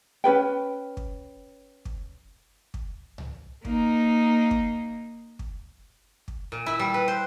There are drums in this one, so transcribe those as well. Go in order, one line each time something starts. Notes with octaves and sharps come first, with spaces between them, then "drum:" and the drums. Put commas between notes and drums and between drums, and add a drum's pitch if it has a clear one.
C#4 G#4 B4 G5
drum: kick
drum: kick
drum: kick
drum: tom C2
A#3 D#4, drum: kick
drum: kick
drum: kick
drum: kick
A#2
E4
G3
B4
C5